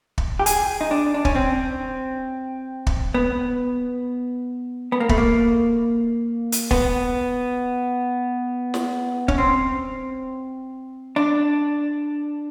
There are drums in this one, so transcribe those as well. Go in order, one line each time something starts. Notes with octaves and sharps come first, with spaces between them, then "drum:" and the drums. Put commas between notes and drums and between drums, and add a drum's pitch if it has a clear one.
drum: kick
G4
G#4, drum: hi-hat
D#4
D4
D4
C#4, drum: kick
C4
drum: kick
B3
B3
A#3
A3, drum: kick
A#3
drum: hi-hat
B3, drum: kick
drum: snare
C#4, drum: kick
C4
D4